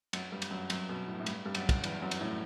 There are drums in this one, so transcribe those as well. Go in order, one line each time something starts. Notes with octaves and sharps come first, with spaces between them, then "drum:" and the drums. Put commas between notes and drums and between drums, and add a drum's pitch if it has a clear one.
F#2, drum: cymbal
G2
drum: cymbal
F#2
F#2, drum: cymbal
B2
A2
A2
G2, drum: cymbal
G2
F#2, drum: cymbal
drum: kick, cymbal
E2, drum: cymbal
F#2
drum: cymbal
A2